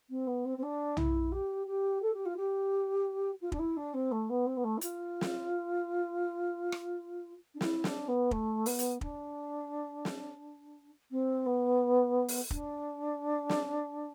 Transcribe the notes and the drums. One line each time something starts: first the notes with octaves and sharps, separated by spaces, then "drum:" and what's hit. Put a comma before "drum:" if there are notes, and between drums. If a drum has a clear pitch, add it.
C4
B3
C4
C4
D4
E4, drum: tom
G4
G4
A4
G4
F4
G4
F4
D4, drum: kick
E4
D4
C4
A3
B3
C4
B3
A3
E4
F4, drum: hi-hat
drum: snare
drum: rim click
D4
E4, drum: snare
D4, drum: snare
B3
A3, drum: kick
B3, drum: open hi-hat
drum: hi-hat
D4, drum: kick
drum: snare
C4
B3
drum: open hi-hat
D4, drum: kick
drum: snare